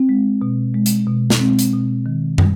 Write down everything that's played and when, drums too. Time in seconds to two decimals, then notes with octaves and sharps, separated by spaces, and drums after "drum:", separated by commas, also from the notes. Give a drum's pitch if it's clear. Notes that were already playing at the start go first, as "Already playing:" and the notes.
Already playing: C4
0.09 G#3
0.42 B2
0.74 G#3
0.86 drum: hi-hat
1.07 B2
1.30 drum: snare
1.40 G#3 C4
1.59 drum: hi-hat
1.73 B2
2.06 D#3
2.38 G3, drum: tom